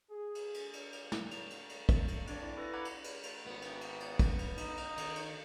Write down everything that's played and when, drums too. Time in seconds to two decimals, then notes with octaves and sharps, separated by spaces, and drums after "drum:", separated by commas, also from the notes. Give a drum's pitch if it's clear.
0.11 G#4
0.35 drum: cymbal
0.54 drum: cymbal
0.73 drum: cymbal
0.93 drum: cymbal
1.12 drum: snare
1.31 drum: cymbal
1.50 drum: cymbal
1.70 drum: cymbal
1.89 drum: kick, cymbal
2.08 drum: cymbal
2.27 C4 D4 D5, drum: cymbal
2.43 E4
2.57 E4 A4 B4 A#6
2.73 F#5 A#5 B5 D6 F#6 G#6
2.85 drum: cymbal
3.04 drum: cymbal
3.23 drum: cymbal
3.46 G#1 B3
3.62 drum: cymbal
3.81 drum: cymbal
4.00 drum: cymbal
4.19 drum: kick, cymbal
4.39 drum: cymbal
4.57 D#4, drum: cymbal
4.77 drum: cymbal
4.97 D#3, drum: cymbal
5.16 drum: cymbal